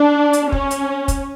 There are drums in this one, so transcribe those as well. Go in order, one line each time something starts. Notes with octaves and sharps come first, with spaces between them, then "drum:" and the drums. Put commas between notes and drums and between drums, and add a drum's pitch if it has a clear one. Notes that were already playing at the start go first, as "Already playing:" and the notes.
Already playing: D4
drum: hi-hat
C#4, drum: kick
drum: hi-hat
drum: kick, hi-hat